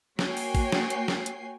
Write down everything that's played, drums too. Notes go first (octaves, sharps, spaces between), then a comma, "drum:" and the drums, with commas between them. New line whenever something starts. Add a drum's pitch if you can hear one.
A#3 F#4 C#5 G5 G#5 C7, drum: snare
drum: open hi-hat
drum: kick, open hi-hat
drum: snare
drum: hi-hat
drum: snare
drum: hi-hat